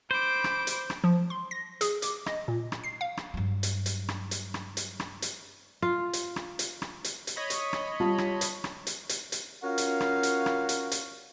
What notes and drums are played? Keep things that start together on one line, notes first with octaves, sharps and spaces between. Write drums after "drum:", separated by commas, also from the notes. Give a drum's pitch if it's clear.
C5 B5 D6
drum: rim click
drum: hi-hat
drum: rim click
F3
C6
A#6
G#4, drum: hi-hat
D6, drum: hi-hat
D#5, drum: rim click
A#2
drum: rim click
C7
F5
drum: rim click
G2 F#3
drum: hi-hat
drum: hi-hat
drum: rim click
drum: hi-hat
drum: rim click
drum: hi-hat
drum: rim click
drum: hi-hat
F4
drum: hi-hat
drum: rim click
drum: hi-hat
drum: rim click
drum: hi-hat
drum: hi-hat
C#5 D#5 B5
drum: hi-hat
drum: rim click
G3 F4 A5
drum: rim click
drum: hi-hat
drum: rim click
drum: hi-hat
drum: hi-hat
drum: hi-hat
C#4 F4 F#4 A#4 F5
drum: hi-hat
drum: rim click
drum: hi-hat
drum: rim click
drum: hi-hat
drum: hi-hat